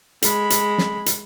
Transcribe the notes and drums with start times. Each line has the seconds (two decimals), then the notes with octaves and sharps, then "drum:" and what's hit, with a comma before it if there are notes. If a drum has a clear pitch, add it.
0.22 G#3 B5, drum: hi-hat
0.50 drum: hi-hat
0.78 drum: snare
1.06 drum: hi-hat